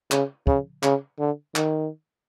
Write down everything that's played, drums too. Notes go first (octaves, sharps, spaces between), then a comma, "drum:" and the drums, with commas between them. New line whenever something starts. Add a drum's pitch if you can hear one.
C#3, drum: clap
C#3, drum: kick
C#3, drum: clap
D3
D#3, drum: clap